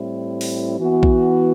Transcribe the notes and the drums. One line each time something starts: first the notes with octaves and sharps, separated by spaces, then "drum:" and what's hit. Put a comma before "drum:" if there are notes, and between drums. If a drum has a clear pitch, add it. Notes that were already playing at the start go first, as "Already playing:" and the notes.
Already playing: A2 G3 C4 E4
drum: open hi-hat
E3 B3 F#4
drum: kick A#1